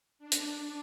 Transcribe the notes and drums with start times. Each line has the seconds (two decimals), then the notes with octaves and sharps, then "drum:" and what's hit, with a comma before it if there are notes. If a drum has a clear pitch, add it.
0.19 D4
0.32 drum: hi-hat